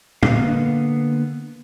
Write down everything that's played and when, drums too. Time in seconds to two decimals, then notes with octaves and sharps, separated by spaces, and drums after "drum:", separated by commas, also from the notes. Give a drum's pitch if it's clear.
0.23 D3 A#3 B3 F5, drum: tom A#2